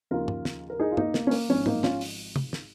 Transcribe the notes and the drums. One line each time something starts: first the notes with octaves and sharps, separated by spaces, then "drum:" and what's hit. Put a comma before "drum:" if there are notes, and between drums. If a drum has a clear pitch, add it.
D#2 C#3 F3 F4 A#4
drum: tom
drum: snare
A#4
D#4 G#4
F4
A#3 D#4, drum: tom
A#3, drum: snare
C#4
A#3, drum: open hi-hat
G#1 G#2 F3 G#3 C#4
A#3 D#4, drum: tom A2
C#4 F4, drum: snare
drum: open hi-hat
drum: tom
drum: snare